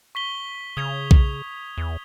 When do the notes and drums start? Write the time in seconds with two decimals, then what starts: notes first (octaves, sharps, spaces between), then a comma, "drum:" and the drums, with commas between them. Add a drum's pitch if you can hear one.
0.15 C#6 B6 G7
0.77 C#3 D#6 G#6 F7
1.11 drum: kick B1
1.78 E2